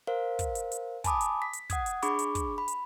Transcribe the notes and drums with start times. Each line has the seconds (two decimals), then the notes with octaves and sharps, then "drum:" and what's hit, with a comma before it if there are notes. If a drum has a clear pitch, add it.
0.07 A#4 C5 F5
0.39 drum: kick, hi-hat
0.55 drum: hi-hat
0.72 drum: hi-hat
1.04 G#5 A5 B5 D6 D#6, drum: kick, hi-hat
1.21 drum: hi-hat
1.42 B6
1.53 drum: hi-hat
1.70 F#5 D#6 G#6, drum: kick, hi-hat
1.86 drum: hi-hat
2.03 D4 G#4 B5 C#6 D6, drum: hi-hat
2.19 drum: hi-hat
2.35 drum: kick, hi-hat
2.58 B5
2.68 drum: hi-hat